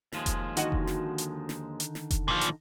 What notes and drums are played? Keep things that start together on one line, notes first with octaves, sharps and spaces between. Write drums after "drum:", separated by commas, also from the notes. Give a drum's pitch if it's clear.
D#2 F3 G#3, drum: snare
drum: kick F1, hi-hat
D3 D#3 D#4 F#4 D#5, drum: hi-hat
drum: kick F1
drum: snare
drum: hi-hat
drum: snare
drum: hi-hat
drum: snare
drum: kick F1, hi-hat
A#2 F3
drum: hi-hat